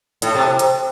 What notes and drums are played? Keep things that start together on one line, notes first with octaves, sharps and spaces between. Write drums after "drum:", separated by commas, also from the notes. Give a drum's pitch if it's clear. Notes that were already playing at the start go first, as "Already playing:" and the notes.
A2, drum: hi-hat
C3
drum: hi-hat